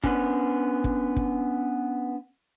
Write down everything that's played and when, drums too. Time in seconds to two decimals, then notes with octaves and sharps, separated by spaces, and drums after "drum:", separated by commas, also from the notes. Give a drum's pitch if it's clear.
0.04 B3 C#4 D4, drum: kick
0.84 drum: kick
1.16 drum: kick